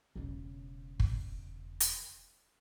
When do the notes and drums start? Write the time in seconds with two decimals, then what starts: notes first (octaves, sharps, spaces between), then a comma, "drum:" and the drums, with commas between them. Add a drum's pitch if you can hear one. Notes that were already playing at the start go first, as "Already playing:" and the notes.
0.16 E1 C#3
1.00 drum: kick
1.80 drum: hi-hat